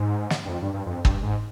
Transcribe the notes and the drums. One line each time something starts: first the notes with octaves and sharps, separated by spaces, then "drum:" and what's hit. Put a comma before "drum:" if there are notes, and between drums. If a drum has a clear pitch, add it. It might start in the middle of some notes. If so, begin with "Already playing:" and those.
Already playing: G#2
drum: snare
G2
F2
G2
G2
F2
G2, drum: kick
G#2